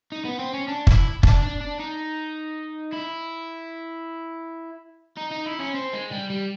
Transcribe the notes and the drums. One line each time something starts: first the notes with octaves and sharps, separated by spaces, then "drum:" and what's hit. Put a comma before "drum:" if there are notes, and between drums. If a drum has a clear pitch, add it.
D#4
B3
C4
C#4
D4
E4, drum: kick
D4, drum: kick
D4
D4
D#4
E4
D#4
D#4
E4
C#4
C4
G#3
G3
G3